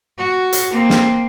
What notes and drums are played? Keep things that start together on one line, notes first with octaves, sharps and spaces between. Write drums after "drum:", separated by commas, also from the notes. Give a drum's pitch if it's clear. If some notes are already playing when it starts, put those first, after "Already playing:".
F#4
drum: hi-hat
A#3 C4
drum: snare